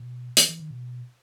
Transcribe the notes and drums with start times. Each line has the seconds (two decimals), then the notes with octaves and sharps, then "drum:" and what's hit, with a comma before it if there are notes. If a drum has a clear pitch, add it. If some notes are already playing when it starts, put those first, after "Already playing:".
Already playing: B2
0.37 E3, drum: hi-hat
0.49 E3
0.59 D#3
0.71 B2